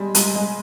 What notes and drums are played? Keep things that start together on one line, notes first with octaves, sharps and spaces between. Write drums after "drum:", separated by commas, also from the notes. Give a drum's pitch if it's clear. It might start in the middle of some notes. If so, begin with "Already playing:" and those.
Already playing: G3 G#3
G#3, drum: hi-hat
G#3